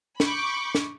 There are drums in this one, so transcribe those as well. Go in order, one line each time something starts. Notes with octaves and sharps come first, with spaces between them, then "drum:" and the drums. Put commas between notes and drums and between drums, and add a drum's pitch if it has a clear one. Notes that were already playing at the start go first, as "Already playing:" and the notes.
B5 C#6 D6 G6, drum: snare
drum: snare